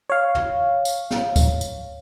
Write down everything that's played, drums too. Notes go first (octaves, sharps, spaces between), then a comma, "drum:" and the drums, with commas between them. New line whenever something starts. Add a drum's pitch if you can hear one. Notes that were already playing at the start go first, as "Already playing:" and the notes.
C#5 F5
drum: tom
drum: tambourine
drum: snare
drum: kick D2, tambourine
drum: tambourine